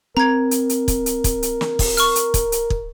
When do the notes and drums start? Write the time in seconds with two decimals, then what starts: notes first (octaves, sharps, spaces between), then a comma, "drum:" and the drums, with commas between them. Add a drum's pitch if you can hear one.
0.17 C4 A#4 A#5 G#6
0.51 drum: hi-hat
0.69 drum: hi-hat
0.88 drum: kick, hi-hat
1.06 drum: hi-hat
1.24 drum: kick, hi-hat
1.43 drum: hi-hat
1.61 drum: snare
1.79 drum: kick, open hi-hat
1.97 C#6 F6, drum: hi-hat
2.16 drum: hi-hat
2.34 drum: kick, hi-hat
2.52 drum: hi-hat
2.70 drum: kick